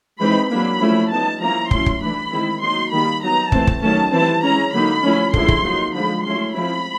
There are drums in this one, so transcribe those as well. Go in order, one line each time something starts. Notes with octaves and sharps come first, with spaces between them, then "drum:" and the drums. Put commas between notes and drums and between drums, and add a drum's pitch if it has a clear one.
E3 G#3 C4 D#4 B5
F#3 A#3 D4 B5
F3 A3 C#4 E4
G3 B3 D#4 A5
F3 A#3 C#4 E4 A#5
F#3 A3 C#4 E4 C6, drum: kick
drum: kick
E3 A3 D4 B5
D#3 G#3 C4 E4
F#3 A#3 D#4 C6
D#3 G3 A#3 B5
F#3 B3 D#4 A#5
E3 A3 C4 A5, drum: kick
drum: kick
D#3 F#3 A3 C#4 A5
E3 G3 C4 E4 A5
G#3 C#4 E4 A#5
D3 F#3 A#3 D#4 B5
F3 A3 C#4 E4
D3 F3 G#3 C4 E4 C6, drum: kick
drum: kick
F#3 A#3 D#4
D3 F3 G#3 B5
F#3 A3 C#4 E4 C6
F3 G#3 C4 E4 B5